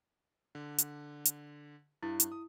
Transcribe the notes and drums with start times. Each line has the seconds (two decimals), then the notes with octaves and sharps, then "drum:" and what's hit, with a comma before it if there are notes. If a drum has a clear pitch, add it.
0.55 D3
0.78 drum: hi-hat
1.25 drum: hi-hat
2.03 G2 E4
2.20 drum: hi-hat
2.32 D#6